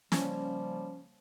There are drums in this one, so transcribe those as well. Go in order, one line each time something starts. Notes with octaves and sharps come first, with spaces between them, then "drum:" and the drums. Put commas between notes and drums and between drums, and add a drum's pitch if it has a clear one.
C#3 F3 G3 A#3 C#4, drum: snare